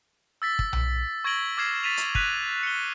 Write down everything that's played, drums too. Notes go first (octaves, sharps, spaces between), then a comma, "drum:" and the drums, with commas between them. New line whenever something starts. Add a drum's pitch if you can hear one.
E6 A6 B6
drum: kick
drum: tom B1
C#6 G#6 A#6 D7 F#7 G7
D6 F6 G#6 C7 E7
A6 B6 D#7 F7
drum: hi-hat
F#6 B6 D#7 F7, drum: kick
C#7 G7